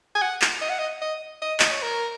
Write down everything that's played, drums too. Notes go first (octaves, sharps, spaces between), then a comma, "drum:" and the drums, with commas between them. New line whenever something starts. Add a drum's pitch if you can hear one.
G#5
F#5
drum: clap
D#5
F#5
D#5
D#5
D#5
D#5, drum: clap
C#5
A#4